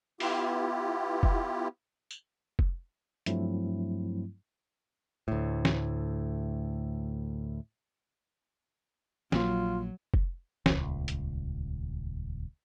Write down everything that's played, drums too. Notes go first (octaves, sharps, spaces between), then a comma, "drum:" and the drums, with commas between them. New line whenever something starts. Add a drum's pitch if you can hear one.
B3 E4 F4 G4, drum: open hi-hat
drum: kick F1
drum: tambourine
drum: kick F1
G2 F3 F#3 A3 C4 E4, drum: hi-hat
D2 A2
drum: snare
A#1 F#3 A#3 F4, drum: snare
drum: kick F1
D#1 C#2, drum: snare
drum: hi-hat